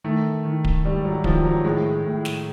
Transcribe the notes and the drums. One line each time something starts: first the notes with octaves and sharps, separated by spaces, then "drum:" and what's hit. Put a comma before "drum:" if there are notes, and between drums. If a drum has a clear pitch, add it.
D#3 A3
D#3
drum: kick D1
G#2 G3
F#3
D#3 F3, drum: kick D1
F#3
A2 G#3
A2
drum: snare